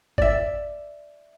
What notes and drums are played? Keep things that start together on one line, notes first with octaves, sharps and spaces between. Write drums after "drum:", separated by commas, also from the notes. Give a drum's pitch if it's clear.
D5 E5, drum: kick G#1